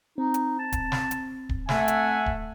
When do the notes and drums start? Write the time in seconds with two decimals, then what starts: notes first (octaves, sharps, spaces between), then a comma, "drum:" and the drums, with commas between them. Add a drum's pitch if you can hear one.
0.18 C4 D#4
0.34 drum: hi-hat
0.59 A5
0.72 drum: kick D1, hi-hat
0.92 drum: snare
1.11 drum: hi-hat
1.49 drum: kick D1
1.69 A3 E5 F#5 G#5, drum: snare
1.88 drum: hi-hat
2.26 drum: kick D1